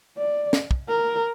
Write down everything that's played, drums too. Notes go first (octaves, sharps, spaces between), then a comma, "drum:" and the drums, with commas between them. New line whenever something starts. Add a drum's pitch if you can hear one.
D5
drum: snare
drum: kick
A#4